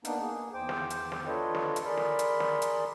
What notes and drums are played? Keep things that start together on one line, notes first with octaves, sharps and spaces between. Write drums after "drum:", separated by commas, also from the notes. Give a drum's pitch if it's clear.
A#3 B3 D4 D#4, drum: hi-hat
A#3 G#4
E2 C5 G5 D6
drum: snare
drum: hi-hat
drum: snare
D4 F4 A4 B4 C#5 D#5
drum: snare
drum: hi-hat
G#4 A#4 D5 B5 C6
drum: snare
drum: hi-hat
drum: snare
drum: hi-hat